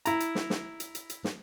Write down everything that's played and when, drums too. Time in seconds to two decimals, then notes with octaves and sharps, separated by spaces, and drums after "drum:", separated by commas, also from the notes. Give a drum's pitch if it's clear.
0.05 E4 A#5, drum: hi-hat
0.20 drum: hi-hat
0.35 drum: snare
0.50 drum: snare
0.80 drum: hi-hat
0.95 drum: hi-hat
1.10 drum: hi-hat
1.24 drum: snare